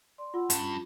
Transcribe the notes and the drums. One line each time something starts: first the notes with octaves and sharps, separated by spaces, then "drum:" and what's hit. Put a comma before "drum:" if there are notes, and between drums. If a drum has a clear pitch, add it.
D5 C6
F4 F#5 C6 E6
G2 C#4, drum: hi-hat